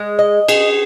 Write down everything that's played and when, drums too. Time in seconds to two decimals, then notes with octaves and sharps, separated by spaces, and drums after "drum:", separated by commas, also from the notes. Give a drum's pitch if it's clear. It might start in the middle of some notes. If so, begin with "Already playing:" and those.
Already playing: G#3
0.19 D#5
0.48 G#4, drum: cymbal